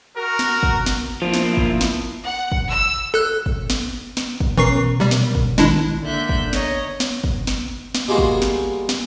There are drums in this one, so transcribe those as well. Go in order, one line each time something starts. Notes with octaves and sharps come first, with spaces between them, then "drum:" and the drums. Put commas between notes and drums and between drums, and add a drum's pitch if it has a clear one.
F#4 A#4
drum: snare
drum: kick
drum: snare
F3 A#3 D4 E4 F4
drum: snare
drum: kick
drum: snare
F#5
drum: kick
E6
A4 F#6
drum: kick
drum: snare
drum: snare
drum: kick
B2 E3 C#4 A#4 C#6 C7
C3 G3
drum: snare
drum: kick
A#1 D#3 G#3 D4 E4, drum: snare
D3 A#3 E5 F#6 G6
drum: kick
C#5 D#5 A#5, drum: snare
drum: snare
drum: kick
drum: snare
drum: snare
G3 G#3 A#3 F4 F#4
drum: kick
drum: snare
drum: snare